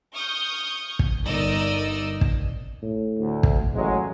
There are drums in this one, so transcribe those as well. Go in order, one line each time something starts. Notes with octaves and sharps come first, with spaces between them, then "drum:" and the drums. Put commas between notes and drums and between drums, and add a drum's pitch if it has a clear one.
C#6 D#6 F6 G6
drum: kick
G1 D#4 A#4 D5 D#5 E6
drum: kick
A2
D2
drum: kick
A1 F#3 G#3